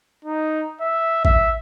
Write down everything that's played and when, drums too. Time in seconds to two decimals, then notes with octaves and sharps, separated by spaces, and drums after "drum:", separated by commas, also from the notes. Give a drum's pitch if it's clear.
0.25 D#4
0.81 E5
1.25 E5, drum: kick A1